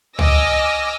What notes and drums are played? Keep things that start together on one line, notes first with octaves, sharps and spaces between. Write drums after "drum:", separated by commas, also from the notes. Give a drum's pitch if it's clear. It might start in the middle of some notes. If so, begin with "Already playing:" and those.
D#5 G#5 D6 E6 F6 A#6, drum: tom C#2